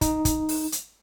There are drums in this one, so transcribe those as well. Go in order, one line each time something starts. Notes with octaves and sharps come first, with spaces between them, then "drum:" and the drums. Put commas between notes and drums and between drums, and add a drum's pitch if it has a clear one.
D#4, drum: kick, hi-hat
drum: kick, hi-hat
drum: open hi-hat
drum: hi-hat